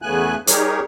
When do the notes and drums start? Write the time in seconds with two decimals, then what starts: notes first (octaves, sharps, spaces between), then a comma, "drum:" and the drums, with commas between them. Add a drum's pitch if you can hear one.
0.02 E2 C#3 A3 B3 G#5 F#6
0.47 G3 D#4 G4 G#4 A#4 C#5, drum: hi-hat